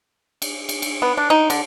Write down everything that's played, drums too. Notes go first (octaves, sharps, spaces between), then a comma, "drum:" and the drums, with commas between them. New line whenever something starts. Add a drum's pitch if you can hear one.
drum: cymbal
drum: cymbal
drum: cymbal
B3
D4
D#4
D3, drum: cymbal